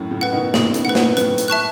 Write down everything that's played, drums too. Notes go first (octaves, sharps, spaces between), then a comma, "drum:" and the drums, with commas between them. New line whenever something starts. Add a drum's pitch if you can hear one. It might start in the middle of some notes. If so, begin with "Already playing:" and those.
Already playing: F#2 A2
A2 C#3
B4 F#5
B2 D#3
B2 D#3 G#4, drum: snare
A2 C#3, drum: hi-hat
B4 F#5
G#2 B2, drum: snare
F#2 A2 B4, drum: hi-hat
drum: hi-hat
E5 A5 C#6 F#6